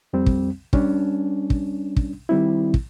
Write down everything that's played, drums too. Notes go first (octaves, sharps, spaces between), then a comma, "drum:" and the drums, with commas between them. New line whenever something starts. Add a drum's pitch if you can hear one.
F2 G3 C4
drum: kick
G3 C#4 D4, drum: kick
drum: kick
drum: kick
D#3 G3 C4 E4
drum: kick